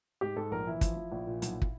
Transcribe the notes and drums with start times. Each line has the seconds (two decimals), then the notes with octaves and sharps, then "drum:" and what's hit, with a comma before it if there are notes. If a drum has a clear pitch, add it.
0.21 G#2 G4
0.36 G#2 A4
0.51 A#1 A#4
0.67 E3 E4
0.81 F3, drum: kick, hi-hat
0.96 F3
1.12 A#1
1.27 A#2
1.42 B1, drum: hi-hat
1.62 drum: kick